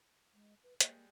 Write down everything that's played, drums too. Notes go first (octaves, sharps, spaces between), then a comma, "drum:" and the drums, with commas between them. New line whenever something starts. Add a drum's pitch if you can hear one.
G#3
B4
G3 G#3 A#3, drum: hi-hat